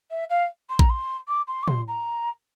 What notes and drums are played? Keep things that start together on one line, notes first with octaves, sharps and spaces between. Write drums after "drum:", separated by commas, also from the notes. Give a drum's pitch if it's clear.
E5
F5
C6
A#5, drum: kick A#1
C6
D6
C6
D6
C6, drum: tom
A#5